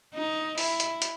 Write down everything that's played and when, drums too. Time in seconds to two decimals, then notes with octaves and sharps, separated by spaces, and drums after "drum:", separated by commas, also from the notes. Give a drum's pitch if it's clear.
0.14 D#4
0.58 E4, drum: open hi-hat
0.80 drum: hi-hat
1.02 drum: hi-hat